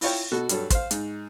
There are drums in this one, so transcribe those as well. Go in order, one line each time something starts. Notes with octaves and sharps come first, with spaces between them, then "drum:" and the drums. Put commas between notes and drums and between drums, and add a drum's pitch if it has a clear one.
E4 F4 C#5 G5, drum: open hi-hat
B2 F#4 A4
G2 F#3 A4, drum: hi-hat
C5 F5, drum: kick, hi-hat
G#2, drum: hi-hat